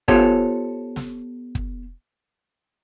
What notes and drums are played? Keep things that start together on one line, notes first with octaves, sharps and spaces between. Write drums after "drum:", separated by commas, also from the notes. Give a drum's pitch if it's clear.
B3 F4 G4 A4 C5 C#5, drum: kick
drum: snare
drum: kick